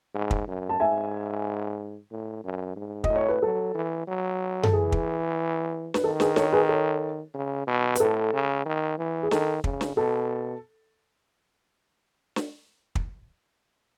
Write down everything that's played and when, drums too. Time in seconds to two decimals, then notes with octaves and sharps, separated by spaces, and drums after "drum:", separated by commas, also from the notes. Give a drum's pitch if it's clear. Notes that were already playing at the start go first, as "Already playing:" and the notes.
0.15 G#2
0.31 drum: kick
0.48 F#2
0.69 A5
0.80 G#2 E5 G#5
2.11 A2
2.44 F#2
2.76 G#2
3.04 D#5, drum: kick
3.09 A2
3.16 C#5
3.29 B4
3.42 F#3 A4
3.75 E3
4.08 F#3
4.63 A4, drum: tom F#2
4.73 E3 G#4
4.92 drum: kick
5.94 B4, drum: snare
6.04 D#3 A4
6.20 G#4 B4, drum: snare
6.36 A4 C#5, drum: snare
6.53 G#4 B4
6.69 A4 C#5
7.34 C#3
7.67 B2
7.95 B4, drum: hi-hat
8.00 A2 A4
8.33 C#3
8.66 D#3
8.98 E3
9.23 G#4
9.31 D#3 A4, drum: snare
9.64 C#3, drum: kick
9.81 drum: snare
9.96 B2 A4
12.36 drum: snare
12.95 drum: kick